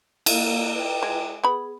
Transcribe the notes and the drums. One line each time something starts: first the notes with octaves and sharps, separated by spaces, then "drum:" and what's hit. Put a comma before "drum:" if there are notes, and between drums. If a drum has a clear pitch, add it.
A#3 F5, drum: cymbal
B4 G5
G#3
B3 G#4 B5